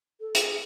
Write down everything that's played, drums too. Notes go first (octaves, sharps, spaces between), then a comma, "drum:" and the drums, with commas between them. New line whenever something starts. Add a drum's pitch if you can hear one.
A4
G#4, drum: hi-hat
G#4